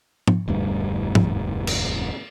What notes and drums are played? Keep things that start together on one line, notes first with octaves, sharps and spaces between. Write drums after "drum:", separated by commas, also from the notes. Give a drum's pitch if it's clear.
drum: tom
E1 D2 G2 G3
drum: tom
drum: cymbal